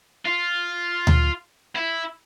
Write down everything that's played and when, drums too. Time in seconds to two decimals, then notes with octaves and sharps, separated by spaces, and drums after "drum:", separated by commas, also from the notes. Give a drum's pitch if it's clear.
0.25 F4
1.07 drum: tom D2
1.76 E4